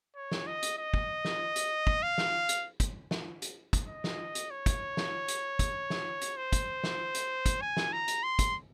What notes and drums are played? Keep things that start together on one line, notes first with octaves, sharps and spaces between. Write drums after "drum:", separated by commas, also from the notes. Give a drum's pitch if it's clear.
C#5
drum: snare
D#5
drum: hi-hat
D#5
drum: kick
drum: snare
drum: hi-hat
drum: kick
F5
drum: snare
drum: hi-hat
drum: kick, hi-hat
drum: snare
drum: hi-hat
drum: kick, hi-hat
D#5
drum: snare
drum: hi-hat
C#5
drum: kick, hi-hat
drum: snare
drum: hi-hat
drum: kick, hi-hat
drum: snare
drum: hi-hat
C5
drum: kick, hi-hat
drum: snare
drum: hi-hat
drum: kick, hi-hat
G#5
drum: snare
A#5
drum: hi-hat
C6
drum: kick, hi-hat